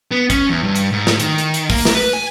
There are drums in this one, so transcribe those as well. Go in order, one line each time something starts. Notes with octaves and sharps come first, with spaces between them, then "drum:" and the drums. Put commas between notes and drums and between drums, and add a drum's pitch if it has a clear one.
B3
C#4, drum: kick, hi-hat
E2
G2
drum: hi-hat
G#2
drum: snare
D#3, drum: hi-hat
drum: hi-hat
drum: hi-hat
A#3, drum: kick, open hi-hat
drum: snare
B4
G#5